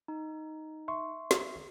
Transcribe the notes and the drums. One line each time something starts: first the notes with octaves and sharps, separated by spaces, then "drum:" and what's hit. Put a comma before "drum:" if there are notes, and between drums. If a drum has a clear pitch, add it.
D#4
E5 C6 C#6
drum: snare